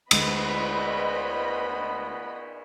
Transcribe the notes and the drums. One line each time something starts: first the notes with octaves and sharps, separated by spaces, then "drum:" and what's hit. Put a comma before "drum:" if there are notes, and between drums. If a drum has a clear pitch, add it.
D2 G#3 B3 B4 C5 D#5 B5, drum: cymbal